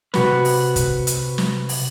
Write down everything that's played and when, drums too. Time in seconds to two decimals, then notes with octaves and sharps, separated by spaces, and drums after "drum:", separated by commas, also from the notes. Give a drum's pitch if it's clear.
0.14 C3 F#4 B4, drum: snare
0.45 drum: open hi-hat
0.76 drum: kick, hi-hat
1.07 drum: hi-hat
1.38 drum: snare
1.69 drum: open hi-hat